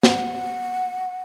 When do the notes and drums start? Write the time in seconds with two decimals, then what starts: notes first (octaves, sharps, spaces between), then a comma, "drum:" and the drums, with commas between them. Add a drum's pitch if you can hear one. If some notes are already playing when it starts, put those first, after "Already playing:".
0.03 F#5, drum: snare